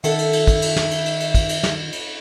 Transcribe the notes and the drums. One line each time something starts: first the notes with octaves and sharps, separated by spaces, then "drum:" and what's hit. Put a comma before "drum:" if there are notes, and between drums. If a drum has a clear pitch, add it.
D#3 A4 E5 F#5 A5, drum: cymbal
drum: cymbal
drum: cymbal
drum: kick, cymbal
drum: cymbal
drum: snare
drum: cymbal
drum: cymbal
drum: cymbal
drum: kick, cymbal
drum: cymbal
drum: snare
drum: cymbal